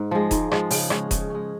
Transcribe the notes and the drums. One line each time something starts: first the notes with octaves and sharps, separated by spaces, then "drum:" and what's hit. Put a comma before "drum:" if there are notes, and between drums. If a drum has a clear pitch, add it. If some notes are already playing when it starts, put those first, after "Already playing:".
Already playing: G#2
F3 G#3
G#2, drum: kick E1, hi-hat
F3 G#3, drum: rim click
C#3, drum: open hi-hat
G#3 C#4, drum: rim click
C#3, drum: kick E1, hi-hat
G#3 C#4